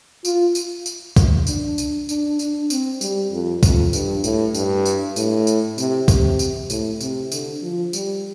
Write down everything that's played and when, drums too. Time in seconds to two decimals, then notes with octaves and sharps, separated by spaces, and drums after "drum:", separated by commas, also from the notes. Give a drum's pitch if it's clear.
0.25 F4, drum: tambourine
0.55 drum: tambourine
0.86 drum: tambourine
1.16 drum: kick, tambourine
1.47 D4, drum: tambourine
1.78 drum: tambourine
2.09 D4, drum: tambourine
2.39 D4, drum: tambourine
2.70 C4, drum: tambourine
3.01 G3, drum: tambourine
3.32 F2
3.63 F2, drum: kick, tambourine
3.93 G2, drum: tambourine
4.24 A2, drum: tambourine
4.55 G2, drum: tambourine
4.85 drum: tambourine
5.16 A2, drum: tambourine
5.47 drum: tambourine
5.78 C3, drum: tambourine
6.08 C3, drum: kick, tambourine
6.39 drum: tambourine
6.70 A2, drum: tambourine
7.01 C3, drum: tambourine
7.32 D3, drum: tambourine
7.62 F3
7.93 G3, drum: tambourine